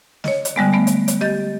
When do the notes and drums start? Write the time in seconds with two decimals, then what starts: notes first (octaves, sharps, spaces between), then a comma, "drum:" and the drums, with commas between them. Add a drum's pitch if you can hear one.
0.24 C#5 D#5, drum: snare
0.45 drum: hi-hat
0.56 D3 G3 G#3 B3
0.73 A3 B3
0.87 drum: hi-hat
1.08 drum: hi-hat
1.21 G4 D#5 G6 A6